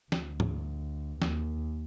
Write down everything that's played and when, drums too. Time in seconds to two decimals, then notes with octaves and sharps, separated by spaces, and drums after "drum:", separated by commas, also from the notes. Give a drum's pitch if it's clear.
0.12 D2, drum: snare
0.40 drum: tom G#2
1.22 D#2, drum: snare